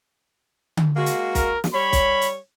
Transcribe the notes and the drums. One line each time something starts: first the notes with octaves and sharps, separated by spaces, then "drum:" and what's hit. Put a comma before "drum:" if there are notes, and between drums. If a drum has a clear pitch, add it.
drum: tom D3
G#3 A#3 F#4
drum: hi-hat
A#4, drum: kick B1, hi-hat
drum: snare
G3 C#5 B5
drum: kick B1, hi-hat
drum: hi-hat